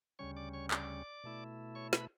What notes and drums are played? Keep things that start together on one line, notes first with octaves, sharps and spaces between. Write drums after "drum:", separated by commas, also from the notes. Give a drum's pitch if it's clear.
D2 C#3 G3 C#4 C#5 C#6
D5 D6
C#5 C#6
D5 D6, drum: clap
B2 A3 E4
C#5 C#6
B4 B5, drum: snare